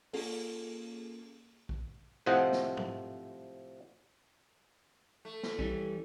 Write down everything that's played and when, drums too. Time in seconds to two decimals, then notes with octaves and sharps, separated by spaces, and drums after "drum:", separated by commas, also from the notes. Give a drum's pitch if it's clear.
0.13 A#3 C#4 F4 G#4 A4, drum: open hi-hat
1.69 drum: kick A#1
2.26 A2 C3 F3 C5 D#5 F#5
2.52 drum: snare
2.77 drum: tom
5.25 A3
5.43 drum: snare
5.59 E3 G3 C#4, drum: kick A#1